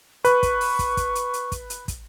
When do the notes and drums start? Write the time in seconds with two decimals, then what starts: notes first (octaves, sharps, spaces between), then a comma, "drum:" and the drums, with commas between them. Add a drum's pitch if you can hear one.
0.25 B4 C#6, drum: hi-hat
0.43 drum: kick, hi-hat
0.61 drum: open hi-hat
0.79 drum: kick, hi-hat
0.97 drum: kick, hi-hat
1.15 drum: hi-hat
1.34 drum: hi-hat
1.52 drum: kick, hi-hat
1.70 drum: hi-hat
1.88 drum: kick, hi-hat